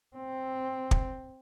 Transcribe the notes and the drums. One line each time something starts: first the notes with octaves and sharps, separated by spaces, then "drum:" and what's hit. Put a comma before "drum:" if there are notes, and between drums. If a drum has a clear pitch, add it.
C4
drum: kick